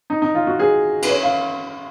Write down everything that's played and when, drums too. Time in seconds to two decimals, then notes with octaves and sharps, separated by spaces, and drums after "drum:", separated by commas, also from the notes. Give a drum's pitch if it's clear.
0.10 D#4
0.22 D#4
0.35 F4
0.47 F#4
0.60 G#4
1.02 B4, drum: cymbal
1.09 C#5
1.23 F5